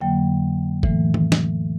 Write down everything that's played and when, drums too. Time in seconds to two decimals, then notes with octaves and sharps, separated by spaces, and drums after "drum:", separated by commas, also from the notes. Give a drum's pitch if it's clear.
0.01 F2 D3 F#3 A#3 G5
0.83 A2 E3 A3, drum: kick
1.14 drum: tom D#3
1.32 drum: snare